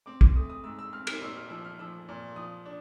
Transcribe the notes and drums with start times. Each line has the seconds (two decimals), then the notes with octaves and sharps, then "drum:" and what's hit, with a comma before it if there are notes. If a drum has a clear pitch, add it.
0.06 C4 D6
0.21 D6, drum: kick
0.36 A3 D#6
0.50 D#6
0.64 G#2 E6
0.79 E6
0.93 C4 F6
1.07 F6, drum: cymbal
1.22 A#2 E6
1.37 F6
1.50 F3 E6
1.65 F6
1.79 F3 E6
2.09 A#2
2.36 F3 D#6
2.66 D4